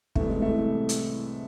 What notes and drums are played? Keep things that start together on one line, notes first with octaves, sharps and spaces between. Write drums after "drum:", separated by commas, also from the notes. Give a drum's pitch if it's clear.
C2 C3 E3 A3, drum: kick
G#3
A2 A3
drum: hi-hat